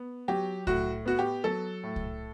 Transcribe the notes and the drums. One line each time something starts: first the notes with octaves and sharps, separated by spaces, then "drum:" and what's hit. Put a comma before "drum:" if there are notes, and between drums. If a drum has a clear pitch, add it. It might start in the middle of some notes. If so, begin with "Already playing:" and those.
Already playing: B3
F#3 G4
A2 F#4, drum: kick C2
B3 F#4
G4
F#3 A4
A2
drum: kick C2